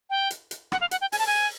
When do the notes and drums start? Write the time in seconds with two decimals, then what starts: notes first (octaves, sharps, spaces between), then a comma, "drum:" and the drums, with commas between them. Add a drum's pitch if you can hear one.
0.10 G5
0.30 drum: hi-hat
0.51 drum: hi-hat
0.72 F#5, drum: rim click
0.81 F5
0.91 F#5, drum: hi-hat
1.01 G5
1.12 G#5, drum: open hi-hat
1.19 A5
1.27 G#5